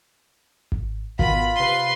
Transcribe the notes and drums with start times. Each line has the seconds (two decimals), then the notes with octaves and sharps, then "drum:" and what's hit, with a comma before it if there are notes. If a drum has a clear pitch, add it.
0.72 drum: kick G#1
1.19 B2 D#3 B3 F4 B5, drum: kick G#1
1.56 C3 B4 C6 D#7